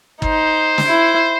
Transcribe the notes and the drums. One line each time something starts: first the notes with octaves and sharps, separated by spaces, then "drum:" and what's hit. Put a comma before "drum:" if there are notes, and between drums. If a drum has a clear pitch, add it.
D#4 C5, drum: kick
drum: snare
E4